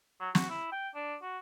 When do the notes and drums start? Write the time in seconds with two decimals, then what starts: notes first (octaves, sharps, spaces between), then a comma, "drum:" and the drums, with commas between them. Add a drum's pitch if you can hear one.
0.20 F#3
0.35 F#4, drum: snare
0.50 E4
0.72 G5
0.95 D4
1.22 F#4